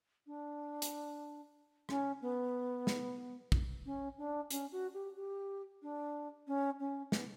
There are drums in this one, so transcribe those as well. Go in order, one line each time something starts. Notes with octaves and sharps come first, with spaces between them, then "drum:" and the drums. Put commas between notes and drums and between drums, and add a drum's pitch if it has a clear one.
D4
drum: hi-hat
C#4, drum: rim click
B3
drum: snare
drum: kick
C#4
D4
C#4, drum: hi-hat
F#4
G4
G4
D4
C#4
C#4
B3, drum: snare